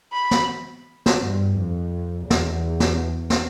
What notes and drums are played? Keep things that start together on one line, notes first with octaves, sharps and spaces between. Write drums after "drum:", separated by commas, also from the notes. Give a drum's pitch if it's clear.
B5
drum: snare
drum: snare
G2
F2
E2, drum: snare
drum: snare
drum: snare